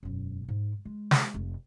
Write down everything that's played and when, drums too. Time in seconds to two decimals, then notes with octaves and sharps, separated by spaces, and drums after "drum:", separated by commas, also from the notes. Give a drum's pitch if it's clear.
0.03 E1 F#2
0.48 G#2
0.85 G#3
1.11 drum: snare
1.34 F1